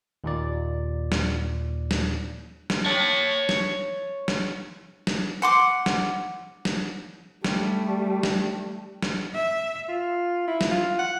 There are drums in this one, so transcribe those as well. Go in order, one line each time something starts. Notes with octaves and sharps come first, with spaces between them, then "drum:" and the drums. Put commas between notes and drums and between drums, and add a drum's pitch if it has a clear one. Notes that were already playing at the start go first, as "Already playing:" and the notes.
D#2 A#2 D5
drum: snare
drum: snare
drum: snare
C#5 A5
drum: snare
drum: snare
drum: snare
F#5 C6 D6
drum: snare
drum: snare
G3 A3, drum: snare
drum: snare
drum: snare
E5
F4
E4
drum: snare
F4
F#5